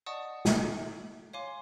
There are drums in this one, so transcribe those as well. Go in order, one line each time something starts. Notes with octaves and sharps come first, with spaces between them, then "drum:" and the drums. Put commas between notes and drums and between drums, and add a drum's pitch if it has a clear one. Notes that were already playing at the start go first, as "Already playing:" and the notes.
D5 D#5 F#5 A5 C#6 D#6
drum: snare
C#5 F5 G#5 C6 D6